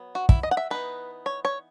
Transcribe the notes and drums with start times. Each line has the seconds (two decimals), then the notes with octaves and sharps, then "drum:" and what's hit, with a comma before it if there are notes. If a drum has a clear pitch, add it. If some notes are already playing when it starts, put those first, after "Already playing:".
Already playing: F#3 B3
0.15 F#4
0.29 E4, drum: kick
0.43 D#5
0.51 F#5
0.57 E5
0.70 E3 B3 D#4 B4
1.26 C#5
1.45 C#5